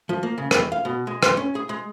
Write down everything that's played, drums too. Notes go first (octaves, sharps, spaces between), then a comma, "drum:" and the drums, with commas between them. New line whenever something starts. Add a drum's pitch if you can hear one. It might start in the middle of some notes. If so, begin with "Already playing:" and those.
F3
A#3
C#3
E2, drum: rim click
F5
B2
G#3
C6, drum: rim click
C#4
G#4
G#3